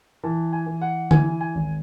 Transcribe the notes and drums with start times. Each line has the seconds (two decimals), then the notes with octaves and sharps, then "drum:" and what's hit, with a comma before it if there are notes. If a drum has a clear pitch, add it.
0.24 E3 A5
0.53 G#5
0.67 E3
0.81 F#5
1.11 E3 G#5, drum: tom D3
1.41 G#5
1.55 G#1